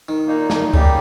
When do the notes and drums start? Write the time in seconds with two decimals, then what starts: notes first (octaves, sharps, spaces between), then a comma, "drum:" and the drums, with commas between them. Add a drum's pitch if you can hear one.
0.09 D#3
0.26 A#2 A#3 D#4
0.50 drum: snare
0.74 C#3 G3 A#3 D#4 G4, drum: kick C#2